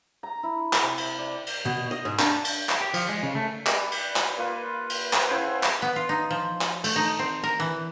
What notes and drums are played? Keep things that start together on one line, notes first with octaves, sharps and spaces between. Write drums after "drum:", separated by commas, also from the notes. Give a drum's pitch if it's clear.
A#5
E4
drum: clap
C3
drum: cymbal
D5
drum: cymbal
B2
D#5
G#2
D4, drum: clap
drum: cymbal
drum: clap
G4
F3, drum: cymbal
G#3
C#3
A3
G3 B4, drum: clap
drum: cymbal
drum: clap
A#3 F4 B4
drum: cymbal
B4 C5 F#5 G5, drum: clap
C#3 E4 G#4 C5
drum: clap
B3
F4
D#4
F3
drum: clap
A3, drum: cymbal
D#4
C4
A#4
E3